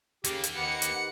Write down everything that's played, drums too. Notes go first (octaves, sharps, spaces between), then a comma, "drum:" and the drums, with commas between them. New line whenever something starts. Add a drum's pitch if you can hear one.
D#2 C#3 A#3 G4, drum: hi-hat
drum: hi-hat
D#3 G4 B4 F#5 C#7
drum: hi-hat